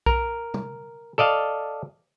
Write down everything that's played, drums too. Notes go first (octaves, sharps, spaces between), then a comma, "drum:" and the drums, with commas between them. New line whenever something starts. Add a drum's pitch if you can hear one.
A#4, drum: kick B1
drum: tom C3
A4 D5 D#5 F5